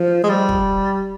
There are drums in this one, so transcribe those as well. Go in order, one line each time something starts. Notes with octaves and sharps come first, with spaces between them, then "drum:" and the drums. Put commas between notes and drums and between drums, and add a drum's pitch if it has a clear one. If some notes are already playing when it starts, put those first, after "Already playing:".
Already playing: F3
G#3
G3
drum: kick